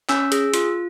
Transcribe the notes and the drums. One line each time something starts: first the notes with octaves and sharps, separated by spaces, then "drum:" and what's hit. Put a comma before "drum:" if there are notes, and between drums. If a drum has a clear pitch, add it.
C#4 E6, drum: clap
G#4, drum: hi-hat
F4, drum: hi-hat